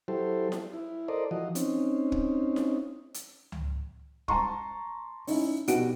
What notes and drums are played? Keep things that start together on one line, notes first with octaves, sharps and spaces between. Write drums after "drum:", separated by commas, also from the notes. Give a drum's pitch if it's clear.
F#3 E4 G4 A4 C5
drum: snare E4
E4
A4 A#4 C5 D5 D#5
E3 F3 F#4 D#5
C4 C#4 D#4, drum: hi-hat
drum: kick
drum: snare E4
drum: hi-hat
drum: tom C#2
A5 A#5 C6 C#6, drum: kick
C#4 D#4 E4, drum: open hi-hat
B2 D#4 F#4 G4 D7, drum: hi-hat